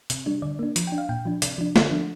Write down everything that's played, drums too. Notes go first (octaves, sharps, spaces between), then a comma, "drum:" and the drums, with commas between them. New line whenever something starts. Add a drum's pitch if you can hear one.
C3, drum: hi-hat
G3 D4
D3 D5
A#3 D4
F3, drum: hi-hat
G5
D4
F5
A#2 G5
F3 D4
C3 D5, drum: hi-hat
F3 D4
D3, drum: snare
F3 D4